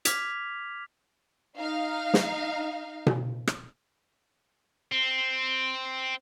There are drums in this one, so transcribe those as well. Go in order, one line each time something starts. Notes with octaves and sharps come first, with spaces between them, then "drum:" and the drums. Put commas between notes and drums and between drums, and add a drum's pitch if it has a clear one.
D6 F6 G#6 B6 F7, drum: hi-hat
D#4 F5
drum: snare
drum: tom B2
drum: rim click
C4